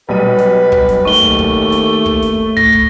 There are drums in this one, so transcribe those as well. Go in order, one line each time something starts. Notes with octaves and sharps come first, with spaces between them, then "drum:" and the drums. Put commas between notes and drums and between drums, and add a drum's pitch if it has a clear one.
B1 G3 B4 D#7
drum: snare
drum: kick
drum: snare
D#2 A3 C#6 G7
drum: kick
drum: kick
drum: snare
drum: kick
drum: snare
A2 A#6, drum: kick
drum: kick